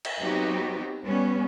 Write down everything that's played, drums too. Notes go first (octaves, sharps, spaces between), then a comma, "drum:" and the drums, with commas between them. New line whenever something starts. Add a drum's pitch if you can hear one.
drum: cymbal
F#3 B3 C4 D#4 F#4 G4
G3 B3 C#4